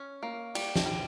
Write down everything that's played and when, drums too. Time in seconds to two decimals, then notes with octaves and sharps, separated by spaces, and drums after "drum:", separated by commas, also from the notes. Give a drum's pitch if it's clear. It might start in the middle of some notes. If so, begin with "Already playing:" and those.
Already playing: C#4
0.23 A#3
0.55 G3, drum: cymbal
0.76 drum: snare
0.86 G3